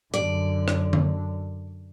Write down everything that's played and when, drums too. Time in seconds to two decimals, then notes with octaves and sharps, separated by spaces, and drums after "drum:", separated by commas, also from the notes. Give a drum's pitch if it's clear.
0.14 F#2 D3 D5, drum: hi-hat
0.68 drum: rim click
0.93 drum: tom D3